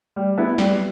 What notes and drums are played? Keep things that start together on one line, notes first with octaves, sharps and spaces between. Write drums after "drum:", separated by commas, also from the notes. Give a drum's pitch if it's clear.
G3
B3 E4
G3, drum: snare